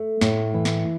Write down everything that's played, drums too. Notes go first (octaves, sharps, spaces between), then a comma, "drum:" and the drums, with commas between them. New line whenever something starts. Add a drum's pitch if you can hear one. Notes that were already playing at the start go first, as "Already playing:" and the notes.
Already playing: A3
A2, drum: snare
E3
drum: snare